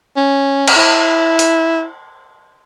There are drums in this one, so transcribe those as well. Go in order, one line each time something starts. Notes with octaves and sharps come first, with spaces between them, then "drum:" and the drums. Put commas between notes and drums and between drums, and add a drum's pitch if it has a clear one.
C#4
drum: cymbal
E4
drum: open hi-hat